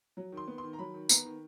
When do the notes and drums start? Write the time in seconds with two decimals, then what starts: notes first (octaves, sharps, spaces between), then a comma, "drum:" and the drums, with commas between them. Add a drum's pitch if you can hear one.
0.17 F#3
0.32 D#3
0.37 C6
0.48 B3
0.58 D#3 C6
0.73 A#5
0.79 F#3 B5
0.94 D#3
1.09 B3 A#5, drum: tambourine
1.25 D#3